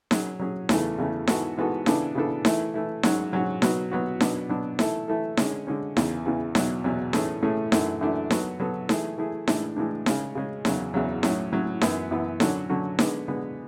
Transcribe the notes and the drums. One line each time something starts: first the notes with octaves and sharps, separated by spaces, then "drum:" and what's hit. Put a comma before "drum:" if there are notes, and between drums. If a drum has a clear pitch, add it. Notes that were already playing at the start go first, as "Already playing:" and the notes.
F#3 C#4 G#4, drum: snare D#4
F#3 C#4 G#4
E2 C#3 E3 A3, drum: snare D#4
E2 C#3 E3 A3
G#2 E3 B3 F#4 A4, drum: snare D#4
G#2 E3 B3 F#4 A4
C#3 E3 B3 D4 A4, drum: snare D#4
C#3 E3 B3 D4 A4
E3 A3 E4, drum: snare D#4
E3 A3 E4
G#2 F#3 C#4 F#4, drum: snare D#4
G#2 F#3 C#4 F#4
B2 F#3 B3 F#4, drum: snare D#4
B2 F#3 B3 F#4
B2 F#3 B3 D4, drum: snare D#4
B2 F#3 B3 D4
E3 A3 E4 A4, drum: snare D#4
E3 A3 E4 A4
D3 G#3 C#4, drum: snare D#4
D3 G#3 C#4
E2 C#3 E3, drum: snare D#4
E2 C#3 E3
E2 B2 F#3, drum: snare D#4
E2 B2 F#3
A2 E3 A3 C#4 G#4, drum: snare D#4
A2 E3 A3 C#4 G#4
F#2 E3 A3 D4, drum: snare D#4
F#2 E3 A3 D4
F#3 B3 F#4 A4, drum: snare D#4
F#3 B3 F#4 A4
E3 A3 E4 G#4, drum: snare D#4
E3 A3 E4 G#4
A2 E3 G#3 D4, drum: snare D#4
A2 E3 G#3 D4
C#3 G#3 C#4, drum: snare D#4
C#3 G#3 C#4
E2 C#3 F#3, drum: snare D#4
E2 C#3 F#3
A2 F#3 C#4, drum: snare D#4
A2 F#3 C#4
F#2 E3 B3, drum: snare D#4
F#2 E3 B3
D3 F#3 C#4 F#4 A4, drum: snare D#4
D3 F#3 C#4 F#4 A4
D3 G#3 B3, drum: snare D#4
D3 G#3 B3